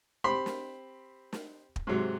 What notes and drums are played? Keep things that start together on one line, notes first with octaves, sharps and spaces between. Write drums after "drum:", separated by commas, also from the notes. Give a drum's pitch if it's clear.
C4 G4 B5 C6
drum: snare
drum: snare
drum: kick
G#2 C3 F#3